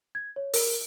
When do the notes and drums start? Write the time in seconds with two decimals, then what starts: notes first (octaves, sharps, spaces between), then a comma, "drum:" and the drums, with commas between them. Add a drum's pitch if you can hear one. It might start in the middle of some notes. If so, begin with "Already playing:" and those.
0.15 G#6
0.36 C#5
0.54 A#4, drum: open hi-hat